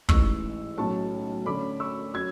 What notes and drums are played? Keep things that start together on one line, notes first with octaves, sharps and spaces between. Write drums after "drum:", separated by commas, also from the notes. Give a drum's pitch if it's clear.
A1 G#2 E3 C#6 E6, drum: kick
B1 A2 F#3 C#4 A5 C#6
D2 D3 A3 C#4 B5 D6
C#6 E6
F#3 C#4 E6 G#6